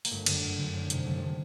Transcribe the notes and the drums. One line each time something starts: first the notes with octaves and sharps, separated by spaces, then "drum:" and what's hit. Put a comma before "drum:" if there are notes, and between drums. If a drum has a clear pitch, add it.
A#3, drum: open hi-hat
G1 A3
F#2 D3, drum: cymbal
G1
F#2 D3
F#1
E2 C3 D#3, drum: hi-hat
F#1 A3
G3
C3 D#3 A3